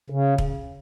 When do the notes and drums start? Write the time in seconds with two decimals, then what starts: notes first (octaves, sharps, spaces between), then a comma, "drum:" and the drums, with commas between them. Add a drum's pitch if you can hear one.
0.10 C#3
0.38 drum: kick